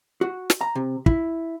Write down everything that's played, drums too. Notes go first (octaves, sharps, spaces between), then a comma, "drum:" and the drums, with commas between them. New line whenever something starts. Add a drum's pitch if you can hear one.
F#4
drum: snare
A#5
C3
E4, drum: kick